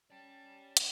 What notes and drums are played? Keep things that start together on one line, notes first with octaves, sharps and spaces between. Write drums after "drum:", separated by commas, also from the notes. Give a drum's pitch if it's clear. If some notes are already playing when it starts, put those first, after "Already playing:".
C#4 D5 G5 A5
drum: hi-hat